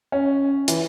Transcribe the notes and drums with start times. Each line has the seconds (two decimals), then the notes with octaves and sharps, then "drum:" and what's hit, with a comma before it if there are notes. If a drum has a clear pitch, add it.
0.12 C#4
0.68 E3, drum: hi-hat